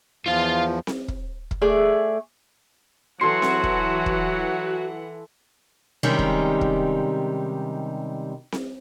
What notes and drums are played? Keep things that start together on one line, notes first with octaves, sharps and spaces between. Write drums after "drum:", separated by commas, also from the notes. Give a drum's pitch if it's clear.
E2 F3 F4 F5
drum: snare C4
drum: kick
drum: kick
A3 G#4 D5
E3 F#3 F#4 A4 F#5 C6
drum: snare C4
drum: kick
drum: kick
C3 D#3 G3 G#3 C#4
drum: kick
drum: kick
drum: snare C4